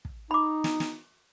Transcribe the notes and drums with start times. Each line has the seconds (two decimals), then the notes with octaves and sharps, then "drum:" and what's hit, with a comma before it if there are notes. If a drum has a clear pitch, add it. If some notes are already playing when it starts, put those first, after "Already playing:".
0.05 drum: kick
0.31 D#4 B5 D6
0.64 drum: snare
0.80 drum: snare